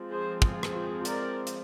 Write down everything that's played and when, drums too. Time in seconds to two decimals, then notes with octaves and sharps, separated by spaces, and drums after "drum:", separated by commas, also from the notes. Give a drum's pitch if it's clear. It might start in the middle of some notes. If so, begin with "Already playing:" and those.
Already playing: F3 G#3 C4
0.10 G#4 C5
0.42 F4 G#4, drum: kick
0.63 drum: rim click
0.73 F4 G#4
1.05 A#4 D5, drum: hi-hat
1.47 drum: hi-hat